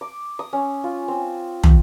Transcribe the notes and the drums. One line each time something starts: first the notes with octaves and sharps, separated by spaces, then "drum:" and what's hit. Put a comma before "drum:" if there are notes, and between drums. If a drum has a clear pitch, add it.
D6
D#6
C#4
F4
C4
drum: tom